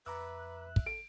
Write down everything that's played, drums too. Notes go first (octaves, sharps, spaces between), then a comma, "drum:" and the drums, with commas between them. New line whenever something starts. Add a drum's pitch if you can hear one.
F2 B4 E5 A#5 D6 E6 F#6
drum: kick
A4 D7